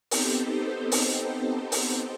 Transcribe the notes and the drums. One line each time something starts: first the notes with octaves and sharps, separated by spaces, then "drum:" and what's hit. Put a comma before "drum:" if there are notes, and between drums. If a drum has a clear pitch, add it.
B3 C4 D#4 G4 A4 C5, drum: open hi-hat
drum: open hi-hat
drum: open hi-hat